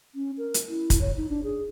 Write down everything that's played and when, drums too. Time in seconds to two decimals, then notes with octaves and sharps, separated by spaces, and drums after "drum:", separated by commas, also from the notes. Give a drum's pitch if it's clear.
0.15 C#4
0.38 A#4
0.54 drum: hi-hat
0.69 E4
0.90 drum: kick, hi-hat
1.01 C#5
1.17 D#4
1.29 D4
1.44 G#4